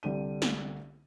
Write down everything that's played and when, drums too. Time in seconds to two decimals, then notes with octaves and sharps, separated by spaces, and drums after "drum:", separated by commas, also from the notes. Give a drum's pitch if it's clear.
0.03 C2 D3 G4 D#7
0.42 drum: snare